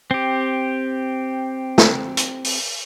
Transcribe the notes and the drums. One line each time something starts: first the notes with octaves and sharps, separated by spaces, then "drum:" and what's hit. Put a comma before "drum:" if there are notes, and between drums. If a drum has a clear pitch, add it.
C4 G4
drum: snare
drum: hi-hat
drum: open hi-hat